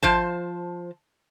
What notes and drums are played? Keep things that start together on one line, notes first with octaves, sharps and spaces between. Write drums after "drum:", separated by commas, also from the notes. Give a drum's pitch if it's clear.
F3 C5 A5, drum: kick G#1